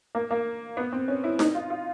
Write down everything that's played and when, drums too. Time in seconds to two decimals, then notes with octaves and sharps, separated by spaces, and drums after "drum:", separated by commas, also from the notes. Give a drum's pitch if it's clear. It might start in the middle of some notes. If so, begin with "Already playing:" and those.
0.15 A#3
0.31 A#3
0.77 B3
0.92 C4
1.08 C#4
1.24 E4
1.39 D#4, drum: snare D#4
1.55 F4
1.70 F4